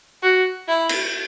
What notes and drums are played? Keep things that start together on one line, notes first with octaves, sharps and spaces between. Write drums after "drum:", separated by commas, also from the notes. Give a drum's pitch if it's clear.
F#4
E4
drum: cymbal